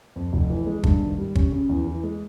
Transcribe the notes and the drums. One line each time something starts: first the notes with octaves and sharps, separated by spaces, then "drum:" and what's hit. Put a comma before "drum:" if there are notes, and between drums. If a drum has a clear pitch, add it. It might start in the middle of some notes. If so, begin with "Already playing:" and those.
F2
F1
E3
G#3
G2, drum: kick
G#1
G3
C#4, drum: kick
C#3
E2
E3
G#3